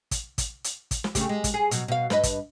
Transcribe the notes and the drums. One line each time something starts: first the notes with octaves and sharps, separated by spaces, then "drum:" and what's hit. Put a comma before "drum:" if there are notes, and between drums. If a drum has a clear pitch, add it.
drum: kick, hi-hat
drum: kick, hi-hat
drum: hi-hat
drum: kick, hi-hat
drum: snare
C#3 A3 G4, drum: kick, hi-hat
G#3
drum: kick, hi-hat
G#4
B2 F#3, drum: hi-hat
B2 F5
G2 B4 D#5, drum: snare
drum: kick, hi-hat